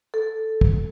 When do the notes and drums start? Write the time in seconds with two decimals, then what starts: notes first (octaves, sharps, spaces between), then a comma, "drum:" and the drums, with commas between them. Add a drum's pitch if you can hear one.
0.14 A4
0.61 drum: kick